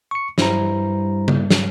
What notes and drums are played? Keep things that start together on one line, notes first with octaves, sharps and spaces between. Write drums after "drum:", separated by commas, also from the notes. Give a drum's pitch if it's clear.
C#6 C#7
G2 G3 E4 C5 A#5, drum: snare
drum: tom C#3
drum: snare